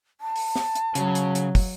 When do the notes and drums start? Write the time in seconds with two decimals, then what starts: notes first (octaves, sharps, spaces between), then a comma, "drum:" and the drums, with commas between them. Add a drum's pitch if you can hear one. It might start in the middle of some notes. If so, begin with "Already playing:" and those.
0.21 A5
0.36 drum: open hi-hat
0.56 drum: snare
0.75 drum: hi-hat
0.95 C#3 F#3, drum: hi-hat
1.15 drum: hi-hat
1.35 drum: hi-hat
1.55 drum: kick, open hi-hat